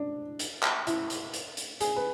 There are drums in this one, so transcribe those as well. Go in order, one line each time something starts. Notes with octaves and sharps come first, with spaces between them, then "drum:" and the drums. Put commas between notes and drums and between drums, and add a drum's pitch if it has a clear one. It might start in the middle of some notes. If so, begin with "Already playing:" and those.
Already playing: D4
drum: hi-hat
drum: clap
E4, drum: hi-hat
drum: hi-hat
drum: hi-hat
drum: hi-hat
G#4, drum: hi-hat
B4